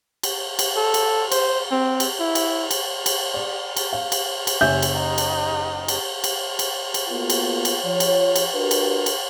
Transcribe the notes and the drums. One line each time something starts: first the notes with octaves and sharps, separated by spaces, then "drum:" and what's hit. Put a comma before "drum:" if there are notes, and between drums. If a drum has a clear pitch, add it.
drum: cymbal
drum: cymbal
A4
drum: cymbal
C5, drum: cymbal
C4
drum: cymbal
E4
drum: cymbal
drum: cymbal
drum: cymbal
D5
drum: cymbal
F5
drum: cymbal
drum: cymbal
F#1 G4 C#5 E5 G#5 G6
drum: cymbal
D#4
drum: cymbal
drum: cymbal
drum: cymbal
drum: cymbal
drum: cymbal
A#3 B3 F4 F#4 G#4 A#4
drum: cymbal
drum: cymbal
F3 C#5
drum: cymbal
drum: cymbal
D4 F#4 G4 A#4 B4
drum: cymbal
drum: cymbal